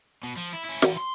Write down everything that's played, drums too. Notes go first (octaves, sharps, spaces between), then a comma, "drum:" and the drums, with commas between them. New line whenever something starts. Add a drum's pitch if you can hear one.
B2
F3
E4
C#4 E4
E3 C6, drum: snare
C6